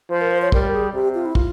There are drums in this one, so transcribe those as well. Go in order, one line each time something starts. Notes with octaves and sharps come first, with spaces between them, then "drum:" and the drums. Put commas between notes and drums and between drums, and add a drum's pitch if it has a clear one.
F3 C5
A#4
C5
C#5
G3 A#4, drum: kick
G#4
C3 G4
F4
E4
F4, drum: kick